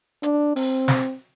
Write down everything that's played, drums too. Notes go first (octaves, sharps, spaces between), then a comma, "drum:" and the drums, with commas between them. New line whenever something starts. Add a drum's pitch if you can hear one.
D4, drum: hi-hat
C4, drum: open hi-hat
drum: snare